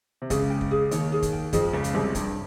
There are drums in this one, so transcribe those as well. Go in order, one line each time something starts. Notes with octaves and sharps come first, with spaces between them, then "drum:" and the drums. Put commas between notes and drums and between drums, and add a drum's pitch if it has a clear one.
C3
C#2 C#3 G#4, drum: kick, hi-hat
G5
drum: kick
G#4
D#2 D#3 C#5, drum: hi-hat
G#4
drum: kick, hi-hat
G5
F2 F3 G#4, drum: kick, hi-hat
C#2 C#3 C#5
drum: hi-hat
C2 C3 G#4
G2 G5, drum: kick, hi-hat